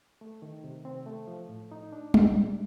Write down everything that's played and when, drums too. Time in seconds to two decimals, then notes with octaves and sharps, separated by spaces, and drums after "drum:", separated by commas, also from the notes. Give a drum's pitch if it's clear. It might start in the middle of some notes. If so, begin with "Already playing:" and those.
0.21 A3
0.42 D#3
0.64 C3
0.85 C4
1.06 A3
1.27 F3
1.49 A2
1.72 D#4
1.93 D4
2.14 G3, drum: tom G3
2.35 A#2